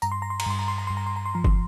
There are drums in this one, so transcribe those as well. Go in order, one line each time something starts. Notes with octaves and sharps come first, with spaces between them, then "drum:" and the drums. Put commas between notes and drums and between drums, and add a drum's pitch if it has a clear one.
G2 A#5, drum: tambourine
C6
A#5
C6
A#5, drum: cymbal
G2 C6
A#5
C6
A#5
G2 C6
A#5
C6
A#5
C6
F3 A#5
C6, drum: kick